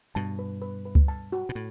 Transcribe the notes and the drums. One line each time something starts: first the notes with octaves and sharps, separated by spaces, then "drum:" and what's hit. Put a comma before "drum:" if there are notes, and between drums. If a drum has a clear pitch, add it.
G2 B2 A5
B4
B4
B4
drum: kick C#2
A5
F#4
B2
A2